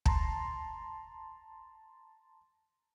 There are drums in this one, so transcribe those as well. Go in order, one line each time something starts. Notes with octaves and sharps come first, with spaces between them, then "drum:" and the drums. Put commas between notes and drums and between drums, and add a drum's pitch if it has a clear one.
A5 A#5 C6, drum: kick